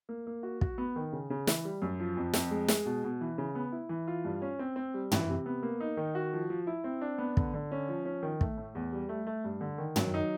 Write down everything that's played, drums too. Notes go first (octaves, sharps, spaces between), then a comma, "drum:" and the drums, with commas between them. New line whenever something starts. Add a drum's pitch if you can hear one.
A#3
A#3
F#4
F#4, drum: kick
B3
D#3
C#3
C#3
E3, drum: snare
G3
F#2
F3
F2
F2, drum: snare
G#3
G#3, drum: snare
B2
B2
E3
C#3
B3
E4
E3
F4
G2
C#4
C4
C4
G3
E3, drum: tom
C3
B3
A#3
D#4
D#3
F#4
F3
F3
E4
C4
D4
B3
D3, drum: kick
D3
C#4
F3
C#4
D#3
A3, drum: kick
A2
E2
G3
A3
A3
G2
D3
D#3
F#3, drum: tom
D#4